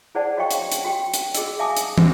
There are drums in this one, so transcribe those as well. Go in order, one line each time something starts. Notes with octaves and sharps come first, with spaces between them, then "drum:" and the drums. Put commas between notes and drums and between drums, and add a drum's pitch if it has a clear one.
E4 G#4 C5 D5 F#5 A5
F#4 C#5 D#5 F5 G5 C#6
drum: hi-hat
drum: hi-hat
F#4 G4 G5
drum: hi-hat
F#4 G#4 D#5 E6, drum: hi-hat
E5 F5 G#5 A5 D6 D#6
drum: hi-hat
drum: tom